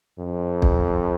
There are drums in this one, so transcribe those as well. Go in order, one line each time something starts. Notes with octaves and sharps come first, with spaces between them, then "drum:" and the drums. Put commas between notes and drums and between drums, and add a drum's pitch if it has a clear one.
F2
drum: kick